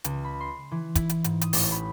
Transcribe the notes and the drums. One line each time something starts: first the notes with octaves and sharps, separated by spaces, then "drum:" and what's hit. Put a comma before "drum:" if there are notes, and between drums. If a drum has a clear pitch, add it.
C#2, drum: hi-hat
B5
C6
E3
E4, drum: kick, hi-hat
drum: hi-hat
G#2, drum: hi-hat
D#6, drum: hi-hat
A1, drum: open hi-hat
B5